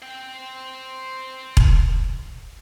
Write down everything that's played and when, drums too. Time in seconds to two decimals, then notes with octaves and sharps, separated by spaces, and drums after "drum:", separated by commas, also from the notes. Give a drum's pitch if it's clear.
0.02 C5 G5
1.57 drum: kick E1